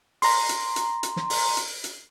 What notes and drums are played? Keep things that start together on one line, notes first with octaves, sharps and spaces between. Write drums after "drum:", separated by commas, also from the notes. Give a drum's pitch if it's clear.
A#5 C6, drum: open hi-hat
drum: hi-hat
drum: hi-hat
drum: hi-hat
drum: snare
drum: open hi-hat
drum: hi-hat
drum: hi-hat